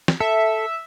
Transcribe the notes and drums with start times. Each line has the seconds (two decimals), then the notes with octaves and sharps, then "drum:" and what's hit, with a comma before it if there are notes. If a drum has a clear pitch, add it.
0.08 drum: snare
0.20 A4 E5